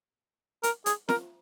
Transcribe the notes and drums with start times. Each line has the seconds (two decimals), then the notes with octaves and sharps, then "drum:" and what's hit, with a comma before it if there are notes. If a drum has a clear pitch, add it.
0.63 A#4, drum: hi-hat
0.86 G#4, drum: hi-hat
1.09 A#4, drum: snare